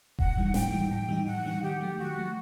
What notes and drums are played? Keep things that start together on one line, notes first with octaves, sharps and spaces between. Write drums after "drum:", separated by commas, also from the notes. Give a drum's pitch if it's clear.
A2 F#5, drum: kick E1
E3 G3 D#4
A2 G5, drum: snare
E3 G3 D#4
A2 G5
E3 G3 D#4
A2 F#5
E3 G3 D#4
D#3 G4
F#3 A3
D#3 F#4
F#3 A3